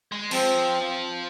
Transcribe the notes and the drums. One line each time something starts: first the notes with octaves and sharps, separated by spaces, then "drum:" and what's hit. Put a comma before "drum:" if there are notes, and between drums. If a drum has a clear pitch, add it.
G#3
F3 C4, drum: cymbal